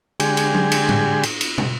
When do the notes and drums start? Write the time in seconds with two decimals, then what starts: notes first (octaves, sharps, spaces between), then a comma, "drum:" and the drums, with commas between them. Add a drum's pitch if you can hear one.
0.20 D3 G#3 G4 G#4, drum: cymbal
0.37 drum: cymbal
0.54 drum: tom F#3
0.72 drum: cymbal
0.89 drum: tom
1.23 drum: cymbal
1.41 drum: cymbal
1.58 drum: tom